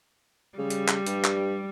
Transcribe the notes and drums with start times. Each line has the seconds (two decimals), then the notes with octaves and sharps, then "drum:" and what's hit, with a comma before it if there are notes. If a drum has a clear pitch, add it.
0.58 C#3 G3
0.70 drum: hi-hat
0.88 drum: clap
1.06 G2, drum: hi-hat
1.25 drum: clap